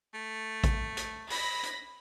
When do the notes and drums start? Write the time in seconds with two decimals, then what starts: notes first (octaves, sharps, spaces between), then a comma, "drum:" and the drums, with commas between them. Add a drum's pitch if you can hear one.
0.14 A3
0.64 drum: kick A1, hi-hat
0.97 drum: hi-hat
1.30 B5 A#6, drum: open hi-hat
1.63 drum: hi-hat